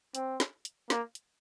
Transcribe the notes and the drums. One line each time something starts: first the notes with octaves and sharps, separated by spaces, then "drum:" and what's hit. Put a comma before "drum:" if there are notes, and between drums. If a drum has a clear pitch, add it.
C4, drum: hi-hat
drum: snare
drum: hi-hat
A#3, drum: snare
drum: hi-hat